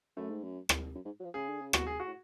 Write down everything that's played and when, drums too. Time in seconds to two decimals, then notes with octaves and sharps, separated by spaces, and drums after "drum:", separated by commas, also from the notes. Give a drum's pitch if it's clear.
0.17 F#2 A3
0.31 G#2
0.44 F#2
0.69 drum: rim click
0.95 F#2
1.05 G#2
1.20 F#3
1.24 F3
1.34 C#3 G#4
1.49 D3
1.61 C#3
1.73 B2 F#4, drum: rim click
1.87 G#4
2.00 F#4
2.06 A2